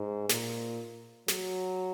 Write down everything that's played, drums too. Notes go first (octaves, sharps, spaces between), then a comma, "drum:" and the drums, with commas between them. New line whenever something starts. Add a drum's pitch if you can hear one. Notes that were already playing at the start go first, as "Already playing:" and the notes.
Already playing: G#2
A#2, drum: snare
F#3, drum: snare